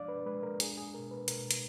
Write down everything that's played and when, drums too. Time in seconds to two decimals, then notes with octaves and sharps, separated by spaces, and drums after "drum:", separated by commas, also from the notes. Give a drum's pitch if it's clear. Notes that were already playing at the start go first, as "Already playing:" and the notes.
Already playing: F3 G#3 D4 D5 F5
0.08 B4
0.26 G#3 B4
0.43 A#4
0.60 D4 G#4, drum: hi-hat
0.77 G#4
0.94 B2 A#4
1.11 B4
1.28 B2 A#4, drum: hi-hat
1.51 drum: hi-hat